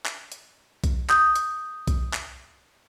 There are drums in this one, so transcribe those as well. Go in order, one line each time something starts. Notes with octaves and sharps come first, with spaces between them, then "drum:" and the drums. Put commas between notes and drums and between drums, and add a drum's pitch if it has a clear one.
drum: clap
drum: hi-hat
drum: kick, hi-hat
D#6 G6, drum: clap
drum: hi-hat
drum: kick, hi-hat
drum: clap